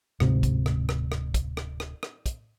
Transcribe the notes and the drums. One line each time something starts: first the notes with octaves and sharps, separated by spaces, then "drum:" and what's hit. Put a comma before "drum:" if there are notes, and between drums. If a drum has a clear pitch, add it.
D1 G#2 C3, drum: rim click
drum: kick, hi-hat
drum: rim click
drum: rim click
drum: rim click
drum: kick, hi-hat
drum: rim click
drum: rim click
drum: rim click
drum: kick, hi-hat